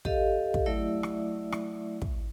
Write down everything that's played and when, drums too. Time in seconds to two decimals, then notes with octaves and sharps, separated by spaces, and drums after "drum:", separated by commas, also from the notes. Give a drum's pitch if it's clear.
0.05 G4 A4 D#5 F5, drum: kick
0.54 drum: kick
0.66 F#3 A3 E4 D5 E5
1.03 drum: rim click
1.52 drum: rim click
2.02 drum: kick